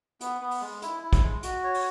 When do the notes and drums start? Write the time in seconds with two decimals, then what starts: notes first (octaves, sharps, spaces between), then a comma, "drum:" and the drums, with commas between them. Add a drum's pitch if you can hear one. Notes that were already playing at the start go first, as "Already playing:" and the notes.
0.21 B3, drum: hi-hat
0.41 B3
0.51 drum: open hi-hat
0.61 G#3
0.82 E4, drum: hi-hat
1.03 E4
1.13 drum: kick, hi-hat
1.23 G#3
1.43 F#4, drum: hi-hat
1.64 C#5
1.74 drum: open hi-hat